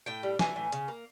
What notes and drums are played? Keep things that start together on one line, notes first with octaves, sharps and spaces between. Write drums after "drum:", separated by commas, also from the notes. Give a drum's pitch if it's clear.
A2 G5
G3
E3 G#5, drum: snare
A2
C#3, drum: hi-hat
A#3